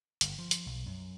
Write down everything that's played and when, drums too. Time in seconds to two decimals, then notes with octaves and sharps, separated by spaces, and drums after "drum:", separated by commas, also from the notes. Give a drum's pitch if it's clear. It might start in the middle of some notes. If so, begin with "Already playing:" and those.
0.21 G1, drum: hi-hat
0.38 F3
0.51 drum: hi-hat
0.66 B1
0.86 F#2